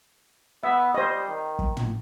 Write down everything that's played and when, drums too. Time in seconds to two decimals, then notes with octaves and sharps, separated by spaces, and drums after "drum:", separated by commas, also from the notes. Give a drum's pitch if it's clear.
0.63 B3 E5
0.94 G3 C5 D#5
1.28 D#3
1.59 drum: kick
1.77 drum: tom